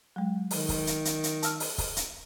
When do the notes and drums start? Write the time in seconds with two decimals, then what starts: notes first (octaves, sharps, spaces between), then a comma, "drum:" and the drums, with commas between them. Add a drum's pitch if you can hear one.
0.16 F#3 G#3
0.51 D#3, drum: open hi-hat
0.69 drum: kick C#1, open hi-hat
0.87 drum: hi-hat
1.05 drum: hi-hat
1.23 drum: hi-hat
1.43 A5 E6 F6, drum: hi-hat
1.60 drum: open hi-hat
1.78 drum: kick C#1, open hi-hat
1.96 drum: hi-hat